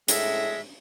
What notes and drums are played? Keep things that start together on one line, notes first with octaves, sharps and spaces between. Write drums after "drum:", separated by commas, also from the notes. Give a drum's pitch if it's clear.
A2 G#3 E5, drum: hi-hat